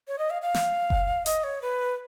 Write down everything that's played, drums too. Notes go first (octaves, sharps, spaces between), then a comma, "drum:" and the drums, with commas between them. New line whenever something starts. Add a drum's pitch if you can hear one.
C#5
D#5
F5
F5
drum: snare
drum: kick F#1
D#5, drum: hi-hat
C#5
B4